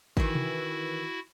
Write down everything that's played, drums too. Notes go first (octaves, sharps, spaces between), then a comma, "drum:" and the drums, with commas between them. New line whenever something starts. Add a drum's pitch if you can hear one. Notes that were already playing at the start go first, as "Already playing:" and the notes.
D#3 E3 E4 F#4, drum: kick G#1
drum: tom C3